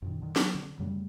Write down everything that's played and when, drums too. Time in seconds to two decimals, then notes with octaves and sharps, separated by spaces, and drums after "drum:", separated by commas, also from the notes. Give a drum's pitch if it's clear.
0.02 F#2 A#2 D#3
0.22 D3 D#3
0.36 F#3, drum: snare
0.55 D3
0.79 F#2 C#3 G3 A3